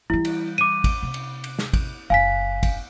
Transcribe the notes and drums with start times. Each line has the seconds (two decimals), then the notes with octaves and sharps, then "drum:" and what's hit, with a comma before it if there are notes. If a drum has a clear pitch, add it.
0.10 E3 G3 E4
0.25 drum: cymbal
0.58 D6 D#7
0.84 drum: kick, cymbal
1.02 C3
1.14 drum: cymbal
1.44 drum: cymbal
1.59 drum: snare
1.73 drum: kick, cymbal
2.10 F#1 F5 G#5 B6
2.63 drum: kick, cymbal